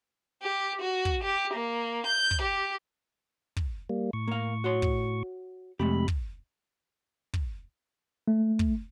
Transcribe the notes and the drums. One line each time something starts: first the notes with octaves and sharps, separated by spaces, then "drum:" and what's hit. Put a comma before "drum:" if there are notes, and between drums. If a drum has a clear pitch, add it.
G4
F#4
drum: kick
G4
A#3
G6
drum: kick
G4
drum: kick
G3 A#3
A2 C#6
A#3 F5
F#4 C#5 C6
drum: kick
F2 C3 G#3 A3 G4 B5
drum: kick
drum: kick
A3
drum: kick